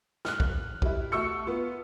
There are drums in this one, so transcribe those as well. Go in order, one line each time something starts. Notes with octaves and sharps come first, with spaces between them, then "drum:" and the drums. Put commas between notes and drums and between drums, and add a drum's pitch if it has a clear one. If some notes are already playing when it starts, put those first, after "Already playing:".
F6 F#6, drum: snare
drum: kick
G3 E4, drum: kick
A3 F#4 C#6 E6 C#7
B3 F4